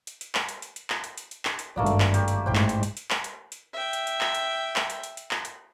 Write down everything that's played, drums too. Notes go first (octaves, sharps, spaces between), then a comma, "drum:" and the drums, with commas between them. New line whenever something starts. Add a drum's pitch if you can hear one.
drum: hi-hat
drum: hi-hat
drum: clap
drum: hi-hat
drum: hi-hat
drum: hi-hat
drum: clap
drum: hi-hat
drum: hi-hat
drum: hi-hat
drum: clap
drum: hi-hat
G#1 G2 A3 A#3 D5
drum: hi-hat
drum: clap
G4, drum: hi-hat
drum: hi-hat
A1 G#2 C5 G5 B5
drum: clap
drum: hi-hat
drum: hi-hat
drum: hi-hat
drum: clap
drum: hi-hat
drum: hi-hat
E5 G5
drum: hi-hat
drum: hi-hat
drum: clap
drum: hi-hat
drum: clap
drum: hi-hat
drum: hi-hat
drum: hi-hat
drum: clap
drum: hi-hat